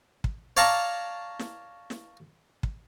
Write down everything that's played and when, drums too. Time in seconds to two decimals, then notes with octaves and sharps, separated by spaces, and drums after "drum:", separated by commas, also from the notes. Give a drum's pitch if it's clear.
0.24 drum: kick
0.57 C#5 D5 F5 A5 A#5 C#6
1.39 drum: snare
1.90 drum: snare
2.63 drum: kick